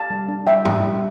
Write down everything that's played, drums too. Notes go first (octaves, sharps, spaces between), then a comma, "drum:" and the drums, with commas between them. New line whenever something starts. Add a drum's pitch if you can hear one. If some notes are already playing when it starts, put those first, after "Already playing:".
Already playing: G4 F5 A5
G3
D4
G3 E5 G5
G4, drum: tom G#2
G3